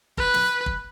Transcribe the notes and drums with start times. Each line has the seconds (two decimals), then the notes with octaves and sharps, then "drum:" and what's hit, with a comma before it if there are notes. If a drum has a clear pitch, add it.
0.17 B4, drum: kick
0.34 drum: snare
0.66 drum: kick